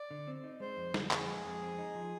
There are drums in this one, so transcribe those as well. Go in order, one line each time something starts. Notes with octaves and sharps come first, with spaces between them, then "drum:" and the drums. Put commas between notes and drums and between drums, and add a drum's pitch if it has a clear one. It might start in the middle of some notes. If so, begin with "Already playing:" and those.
Already playing: D5
D3
C4
D#4
G#3 C5
F2
D3, drum: snare
F2 G#4, drum: clap
G#3
F2
C4
D#4
F3